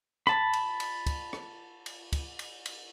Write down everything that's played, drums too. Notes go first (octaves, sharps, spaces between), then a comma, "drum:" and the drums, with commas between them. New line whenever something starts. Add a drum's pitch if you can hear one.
A5 B5, drum: rim click
drum: cymbal
drum: cymbal
drum: kick, cymbal
drum: rim click
drum: cymbal
drum: kick, cymbal
drum: cymbal
drum: cymbal